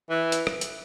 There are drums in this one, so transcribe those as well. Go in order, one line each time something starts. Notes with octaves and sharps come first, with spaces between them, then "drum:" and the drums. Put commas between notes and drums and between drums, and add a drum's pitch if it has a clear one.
E3
drum: hi-hat
drum: rim click
drum: hi-hat